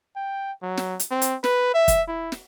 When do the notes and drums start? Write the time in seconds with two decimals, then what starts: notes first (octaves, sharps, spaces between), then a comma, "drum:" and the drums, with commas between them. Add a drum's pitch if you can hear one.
0.16 G5
0.63 F#3
0.77 drum: snare
1.00 drum: hi-hat
1.11 C4
1.22 drum: hi-hat
1.44 B4, drum: snare
1.74 E5
1.88 drum: kick, hi-hat
2.08 E4
2.32 drum: snare